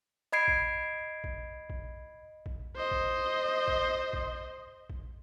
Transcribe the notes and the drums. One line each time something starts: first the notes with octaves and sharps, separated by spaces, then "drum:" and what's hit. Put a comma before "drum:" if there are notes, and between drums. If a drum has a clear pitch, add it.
D#5 B5 G#6 C7 D7
drum: kick A#1
drum: kick A#1
drum: kick A#1
drum: kick A#1
C5 D#5
drum: kick A#1
drum: kick A#1
drum: kick A#1
drum: kick A#1